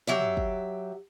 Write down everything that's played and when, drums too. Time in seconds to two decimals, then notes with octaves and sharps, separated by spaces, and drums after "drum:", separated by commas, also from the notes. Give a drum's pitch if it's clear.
0.07 F#3 G4 E5
0.20 drum: tom
0.37 drum: kick